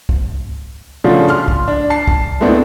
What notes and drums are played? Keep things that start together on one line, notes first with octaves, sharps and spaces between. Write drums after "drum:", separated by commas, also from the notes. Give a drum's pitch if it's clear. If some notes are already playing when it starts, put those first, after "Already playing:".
drum: kick
C#3 F3 A3 D4 F4 F#4
C6 F6, drum: tom
drum: kick
D4
A5 C7
drum: kick
G#3 A3 B3 C4 D4 E4